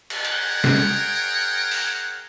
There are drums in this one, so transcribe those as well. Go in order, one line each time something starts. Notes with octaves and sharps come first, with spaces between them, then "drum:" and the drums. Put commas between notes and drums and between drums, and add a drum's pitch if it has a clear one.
drum: cymbal
G#4 A#4 C#5 F#5 G5, drum: hi-hat
drum: snare
drum: open hi-hat